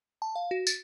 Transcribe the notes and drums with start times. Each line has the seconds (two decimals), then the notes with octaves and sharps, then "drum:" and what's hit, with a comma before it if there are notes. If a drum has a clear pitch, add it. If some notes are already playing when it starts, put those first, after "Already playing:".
0.22 A5
0.36 F5
0.51 F#4
0.67 A6, drum: tambourine